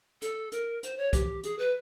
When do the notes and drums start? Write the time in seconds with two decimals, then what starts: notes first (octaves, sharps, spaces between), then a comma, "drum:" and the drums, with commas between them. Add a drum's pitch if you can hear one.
0.22 A4, drum: hi-hat
0.52 A#4, drum: hi-hat
0.83 C5, drum: hi-hat
0.97 C#5
1.13 G4, drum: kick, hi-hat
1.43 G#4, drum: hi-hat
1.59 B4